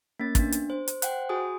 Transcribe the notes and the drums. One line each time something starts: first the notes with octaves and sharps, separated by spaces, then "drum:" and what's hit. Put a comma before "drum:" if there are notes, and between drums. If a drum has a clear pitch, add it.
A#3 C#4 A6
B3 D4, drum: kick, hi-hat
drum: hi-hat
C5
drum: hi-hat
C5 F#5 G5 F#6, drum: hi-hat
F#4 G#4 G#5 D#6